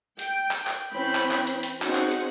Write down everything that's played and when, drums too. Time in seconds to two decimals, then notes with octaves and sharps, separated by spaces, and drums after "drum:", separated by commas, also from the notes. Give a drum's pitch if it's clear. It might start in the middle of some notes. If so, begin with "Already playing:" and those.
0.19 G5, drum: hi-hat
0.51 drum: clap
0.67 drum: clap
0.92 E3 C4 C#4 G5 B5
1.15 drum: clap
1.31 drum: clap
1.47 drum: hi-hat
1.63 drum: hi-hat
1.82 C4 C#4 D#4 F#4 G#4 F#5, drum: clap
1.95 drum: clap
2.11 drum: hi-hat